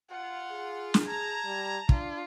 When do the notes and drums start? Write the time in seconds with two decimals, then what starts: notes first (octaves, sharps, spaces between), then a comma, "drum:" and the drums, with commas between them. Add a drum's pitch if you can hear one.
0.11 F4 F#5
0.51 G#4
0.94 drum: snare
1.07 A5 A#5 G#6
1.45 G3
1.89 D4 F4, drum: kick